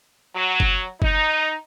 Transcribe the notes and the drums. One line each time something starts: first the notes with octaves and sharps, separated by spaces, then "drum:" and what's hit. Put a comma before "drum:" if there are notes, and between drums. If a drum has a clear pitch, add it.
F#3
drum: kick F#1
D#4, drum: kick F#1